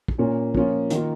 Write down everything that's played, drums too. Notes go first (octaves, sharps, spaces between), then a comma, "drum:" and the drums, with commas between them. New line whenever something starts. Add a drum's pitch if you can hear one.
drum: kick
A#2 A#3 C#4 F4
F3 A#3 C#4 F4, drum: kick
D#3 A#3 F4, drum: hi-hat